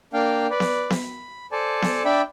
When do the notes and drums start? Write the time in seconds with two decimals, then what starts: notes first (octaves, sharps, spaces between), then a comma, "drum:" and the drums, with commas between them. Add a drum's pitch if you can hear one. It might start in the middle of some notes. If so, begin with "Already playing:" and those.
0.13 A#3 D4 F5 G5
0.50 B4 D5
0.60 drum: snare B3
0.90 B5, drum: snare B3
1.52 A4 C5 D5 G#5 A5
1.82 drum: snare B3
2.05 D4 D5 E5 G5 B5